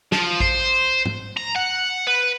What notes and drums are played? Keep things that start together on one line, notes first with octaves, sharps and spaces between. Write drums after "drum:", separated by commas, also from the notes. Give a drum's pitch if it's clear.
F3, drum: snare
C5, drum: kick A1
drum: tom G#2
A#5
F#5
B4